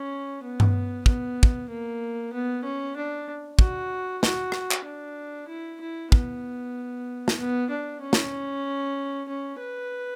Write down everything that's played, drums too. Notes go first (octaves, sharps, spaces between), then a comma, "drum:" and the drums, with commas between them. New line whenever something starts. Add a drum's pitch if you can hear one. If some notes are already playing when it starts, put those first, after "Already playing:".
Already playing: C#4
B3
drum: tom G2
B3, drum: kick
drum: kick
A#3
B3
C#4
D4
F#4, drum: kick
F#4, drum: snare
drum: rim click
drum: clap
D4
E4
E4
B3, drum: kick
drum: snare
B3
D4
C#4
drum: snare
C#4
B4